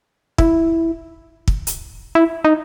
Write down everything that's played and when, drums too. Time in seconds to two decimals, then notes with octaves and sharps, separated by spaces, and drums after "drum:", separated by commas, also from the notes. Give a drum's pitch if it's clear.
0.38 E4, drum: kick
1.48 drum: kick
1.67 drum: hi-hat
2.15 E4
2.45 D#4